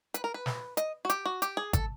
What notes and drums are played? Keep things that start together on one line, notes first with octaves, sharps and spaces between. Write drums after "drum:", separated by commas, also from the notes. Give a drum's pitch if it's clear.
B4, drum: hi-hat
A#4
B4
drum: snare
D#5, drum: hi-hat
F#4
G4, drum: hi-hat
F#4
G4, drum: hi-hat
G#4
A4, drum: kick G#1, hi-hat